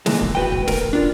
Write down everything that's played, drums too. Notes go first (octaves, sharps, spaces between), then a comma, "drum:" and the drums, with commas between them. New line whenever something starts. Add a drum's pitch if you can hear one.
C#2 A#2 E3 G#3, drum: snare
drum: kick
F#4 B4 G5
drum: kick
A#4, drum: snare
drum: kick
D4 F4